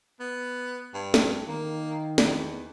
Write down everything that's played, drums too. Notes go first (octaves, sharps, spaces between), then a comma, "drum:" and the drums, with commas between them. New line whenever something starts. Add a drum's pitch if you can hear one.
B3
G2
drum: snare
D#3 A#3
E2, drum: snare